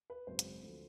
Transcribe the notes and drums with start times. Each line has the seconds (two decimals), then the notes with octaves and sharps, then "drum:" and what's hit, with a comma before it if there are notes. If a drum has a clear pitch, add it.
0.10 B4
0.27 G#1 F#2 C#3 F#3 C5
0.39 drum: hi-hat
0.63 D2 D3 F3